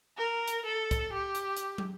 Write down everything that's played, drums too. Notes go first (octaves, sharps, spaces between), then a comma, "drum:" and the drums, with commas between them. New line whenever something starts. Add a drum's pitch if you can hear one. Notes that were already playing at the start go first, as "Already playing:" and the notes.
A#4
drum: hi-hat
A4
drum: kick, hi-hat
G4
drum: hi-hat
drum: hi-hat
drum: tom